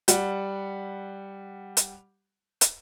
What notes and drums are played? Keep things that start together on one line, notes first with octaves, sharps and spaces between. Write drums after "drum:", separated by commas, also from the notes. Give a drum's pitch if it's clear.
G3 F#5, drum: hi-hat
drum: hi-hat
drum: hi-hat